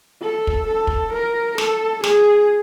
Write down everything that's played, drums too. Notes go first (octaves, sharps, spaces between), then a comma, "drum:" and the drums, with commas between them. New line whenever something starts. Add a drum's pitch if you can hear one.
A4
drum: kick
A4
drum: kick
A#4
A4, drum: snare
G#4, drum: snare